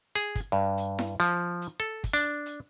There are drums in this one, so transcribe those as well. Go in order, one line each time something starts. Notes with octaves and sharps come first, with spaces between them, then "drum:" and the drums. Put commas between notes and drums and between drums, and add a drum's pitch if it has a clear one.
G#4
drum: kick, hi-hat
G2
drum: hi-hat
drum: snare E4
F3, drum: hi-hat
drum: hi-hat
A4
drum: kick, hi-hat
D4
drum: hi-hat